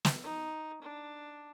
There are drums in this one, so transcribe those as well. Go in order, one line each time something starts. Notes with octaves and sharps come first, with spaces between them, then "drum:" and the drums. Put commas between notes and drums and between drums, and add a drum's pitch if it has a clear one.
drum: snare
D#4
D4